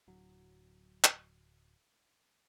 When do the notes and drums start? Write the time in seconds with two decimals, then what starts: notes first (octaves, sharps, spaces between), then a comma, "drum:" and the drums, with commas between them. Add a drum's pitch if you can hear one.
0.08 D1 F#3
1.04 drum: clap